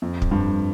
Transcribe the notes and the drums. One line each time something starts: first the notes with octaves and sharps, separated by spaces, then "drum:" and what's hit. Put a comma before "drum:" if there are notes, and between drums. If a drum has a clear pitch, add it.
F2
drum: kick
G2